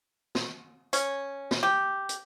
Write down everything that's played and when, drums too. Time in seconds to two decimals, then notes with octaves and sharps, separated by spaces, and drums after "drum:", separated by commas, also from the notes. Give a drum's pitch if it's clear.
0.35 drum: snare
0.93 C#4, drum: hi-hat
1.51 drum: snare
1.63 G4
2.09 drum: hi-hat